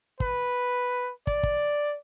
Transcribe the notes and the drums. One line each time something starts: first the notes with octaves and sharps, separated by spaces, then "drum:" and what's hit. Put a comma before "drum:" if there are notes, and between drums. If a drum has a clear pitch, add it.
B4, drum: kick
D5, drum: kick
drum: kick